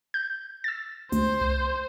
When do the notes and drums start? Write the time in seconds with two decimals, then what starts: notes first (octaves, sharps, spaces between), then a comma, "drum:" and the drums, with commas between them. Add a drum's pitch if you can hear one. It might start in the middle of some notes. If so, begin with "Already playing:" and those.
0.14 G6
0.64 E6 A6
1.12 D2 C5, drum: hi-hat
1.41 drum: tom C2